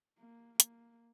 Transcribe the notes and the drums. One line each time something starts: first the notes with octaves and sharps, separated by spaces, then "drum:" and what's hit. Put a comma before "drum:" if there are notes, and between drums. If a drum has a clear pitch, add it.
A#3
A#3, drum: hi-hat